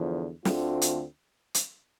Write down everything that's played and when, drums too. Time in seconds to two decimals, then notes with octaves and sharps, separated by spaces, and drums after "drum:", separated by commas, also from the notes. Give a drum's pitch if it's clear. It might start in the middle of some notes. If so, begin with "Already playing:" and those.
Already playing: E2 D3 F3
0.45 D2 D3 A3 C4 F4, drum: snare
0.82 drum: hi-hat
1.54 drum: hi-hat